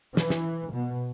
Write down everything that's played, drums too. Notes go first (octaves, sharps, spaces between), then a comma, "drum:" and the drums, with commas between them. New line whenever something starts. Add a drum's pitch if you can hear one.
E3, drum: snare
drum: snare
B2